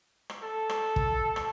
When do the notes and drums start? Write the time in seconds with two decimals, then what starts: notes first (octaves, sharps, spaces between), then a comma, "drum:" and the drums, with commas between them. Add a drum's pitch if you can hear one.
0.30 drum: rim click
0.43 A4
0.69 drum: rim click
0.96 drum: kick
1.36 drum: rim click